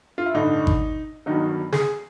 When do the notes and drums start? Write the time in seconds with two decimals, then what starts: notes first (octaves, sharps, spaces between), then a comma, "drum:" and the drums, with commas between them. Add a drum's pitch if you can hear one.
0.18 F4
0.26 E4
0.34 A1 G2 D3 D#4
0.67 drum: kick G#1
1.26 G1 G2 D#3 F#3 D#4
1.72 G#4, drum: snare